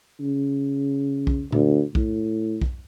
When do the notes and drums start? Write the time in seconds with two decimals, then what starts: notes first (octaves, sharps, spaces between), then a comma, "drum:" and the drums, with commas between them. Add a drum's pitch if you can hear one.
0.20 C#3
1.27 drum: kick
1.52 D2, drum: tom A#2
1.95 A2, drum: kick
2.62 drum: kick